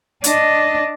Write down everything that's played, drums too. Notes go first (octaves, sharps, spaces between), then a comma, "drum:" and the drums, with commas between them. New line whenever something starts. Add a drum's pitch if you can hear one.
D4 D#5, drum: hi-hat